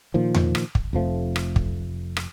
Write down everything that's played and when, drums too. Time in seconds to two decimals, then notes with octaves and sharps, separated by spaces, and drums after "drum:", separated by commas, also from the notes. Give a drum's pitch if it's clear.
0.14 A#2 D#3 F3
0.35 drum: tom E2
0.55 drum: rim click
0.75 drum: kick
0.93 F1 F2 F3 A3
1.36 drum: rim click
1.56 drum: kick
2.17 drum: rim click